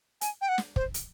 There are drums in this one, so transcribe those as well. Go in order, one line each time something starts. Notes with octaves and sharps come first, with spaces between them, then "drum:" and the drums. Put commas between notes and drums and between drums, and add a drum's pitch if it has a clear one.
G#5, drum: hi-hat
G5
F#5
drum: snare
C5, drum: kick
drum: hi-hat